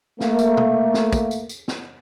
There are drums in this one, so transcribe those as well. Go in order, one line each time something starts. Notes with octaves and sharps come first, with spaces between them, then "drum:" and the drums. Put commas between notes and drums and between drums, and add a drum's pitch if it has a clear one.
A3 A#3, drum: snare
drum: tambourine
drum: tom
drum: snare
drum: kick, tambourine
drum: tambourine
drum: tambourine
drum: snare